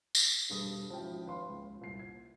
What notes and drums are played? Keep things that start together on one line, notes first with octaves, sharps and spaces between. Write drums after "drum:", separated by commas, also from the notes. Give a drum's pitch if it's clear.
drum: tambourine
E1 G2 G3 G#4 A4 D#6
G#1 F3 C#4 E4 F#4 G5
D#2 B4 F5 C6
C#2
C2 A#2 C7
G#6 C7